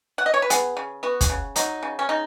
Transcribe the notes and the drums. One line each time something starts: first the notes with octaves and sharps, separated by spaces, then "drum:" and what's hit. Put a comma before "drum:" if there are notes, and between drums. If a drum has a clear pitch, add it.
F#5
D#5
C#5
B4
B3 G#4, drum: hi-hat
C#3
B3 F#4
drum: kick, hi-hat
C#3
F#3 D#4, drum: hi-hat
C#3
C#4
C#3 D#4